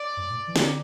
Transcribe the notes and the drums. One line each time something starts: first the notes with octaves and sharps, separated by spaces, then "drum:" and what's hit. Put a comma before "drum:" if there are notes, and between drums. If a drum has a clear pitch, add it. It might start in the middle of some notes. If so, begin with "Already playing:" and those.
Already playing: D5
G2
A2
E3
D3, drum: snare